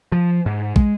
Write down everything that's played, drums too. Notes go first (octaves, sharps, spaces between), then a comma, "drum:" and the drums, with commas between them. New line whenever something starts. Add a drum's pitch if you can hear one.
F3
G#2
G#3, drum: kick